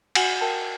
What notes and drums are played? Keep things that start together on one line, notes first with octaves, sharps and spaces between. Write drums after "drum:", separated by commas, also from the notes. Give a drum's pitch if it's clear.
F#4 F#5 G#5, drum: cymbal
A#4 G5 A5